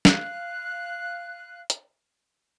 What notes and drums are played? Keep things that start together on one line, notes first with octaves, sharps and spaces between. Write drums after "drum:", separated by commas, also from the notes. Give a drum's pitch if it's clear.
F5 F#6, drum: snare
drum: hi-hat